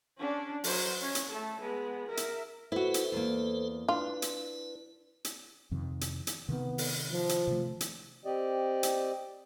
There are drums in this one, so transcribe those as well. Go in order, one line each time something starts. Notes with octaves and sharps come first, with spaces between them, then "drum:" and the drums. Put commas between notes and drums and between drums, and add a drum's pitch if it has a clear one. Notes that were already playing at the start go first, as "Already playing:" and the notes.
C#4 D4
F#3 C5, drum: open hi-hat
C#4 C#5
drum: hi-hat
A3 A4
G#3 B3
A#4 E5
drum: hi-hat
E4 F#4 A4 B4 C5
drum: hi-hat
E2 A#3
D4 E4 F4 B4
drum: hi-hat
drum: hi-hat
F2 C3 D#3
drum: hi-hat
drum: hi-hat
C3 D#3 B3 C4
drum: open hi-hat
F3
drum: hi-hat
C3 D#3 A3
drum: hi-hat
C4 G4 D5 D#5
drum: hi-hat